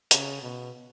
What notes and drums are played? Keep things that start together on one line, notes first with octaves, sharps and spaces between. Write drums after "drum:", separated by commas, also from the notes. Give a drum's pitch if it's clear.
C#3, drum: hi-hat
B2